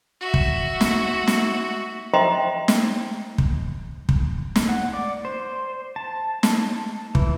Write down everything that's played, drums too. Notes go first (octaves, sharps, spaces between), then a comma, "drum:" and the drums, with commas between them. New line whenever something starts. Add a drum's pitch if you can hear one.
F#4 E5
drum: kick
drum: snare
drum: snare
C5 D#5 E5 G5 A#5 C6
drum: snare
drum: kick
drum: kick
drum: snare
F#5
D5
C5
A5
drum: snare
E3, drum: kick